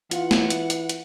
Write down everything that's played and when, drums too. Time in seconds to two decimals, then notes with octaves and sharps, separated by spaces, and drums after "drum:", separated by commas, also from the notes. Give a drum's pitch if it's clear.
0.11 E3 F4 F#5, drum: hi-hat
0.31 drum: snare
0.50 drum: hi-hat
0.70 drum: hi-hat
0.89 drum: hi-hat